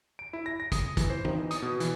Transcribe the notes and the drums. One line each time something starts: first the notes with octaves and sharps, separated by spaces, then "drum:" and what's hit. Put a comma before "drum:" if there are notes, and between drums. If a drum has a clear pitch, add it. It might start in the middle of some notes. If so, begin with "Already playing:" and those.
D7
E4
A#6
A#6
D#6, drum: kick, hi-hat
E3, drum: kick, hi-hat
C5
D#4, drum: tom
E3
D#6, drum: hi-hat
B2
E3, drum: hi-hat